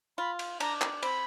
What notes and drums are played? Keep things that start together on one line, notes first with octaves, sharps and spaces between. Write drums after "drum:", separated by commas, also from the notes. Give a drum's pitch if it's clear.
F4 B5
drum: cymbal
D4 A#5, drum: cymbal
drum: clap
C4 B5, drum: cymbal